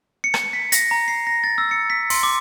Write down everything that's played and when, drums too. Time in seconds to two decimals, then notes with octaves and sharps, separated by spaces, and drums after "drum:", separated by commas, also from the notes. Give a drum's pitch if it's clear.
0.24 C#7
0.34 drum: rim click
0.53 B6
0.72 A#6, drum: hi-hat
0.91 A#5
1.08 C7
1.27 A#6
1.44 A6
1.58 E6
1.71 C#7
1.90 B6
2.10 C6, drum: open hi-hat
2.23 D6